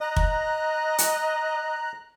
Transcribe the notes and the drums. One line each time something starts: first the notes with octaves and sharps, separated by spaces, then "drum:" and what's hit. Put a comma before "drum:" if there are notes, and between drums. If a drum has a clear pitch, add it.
D#5 A#5 F#6
drum: kick
drum: hi-hat